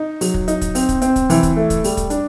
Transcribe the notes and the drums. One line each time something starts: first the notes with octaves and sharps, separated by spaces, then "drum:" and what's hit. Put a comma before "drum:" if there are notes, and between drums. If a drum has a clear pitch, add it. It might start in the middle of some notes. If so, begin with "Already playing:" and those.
Already playing: D#4
F#3, drum: open hi-hat
drum: kick
D#4, drum: hi-hat
drum: kick, hi-hat
C4, drum: open hi-hat
drum: kick, hi-hat
C4, drum: hi-hat
drum: kick, hi-hat
E3, drum: open hi-hat
drum: kick, hi-hat
A3
drum: kick, hi-hat
G3, drum: open hi-hat
drum: kick, hi-hat
D4, drum: hi-hat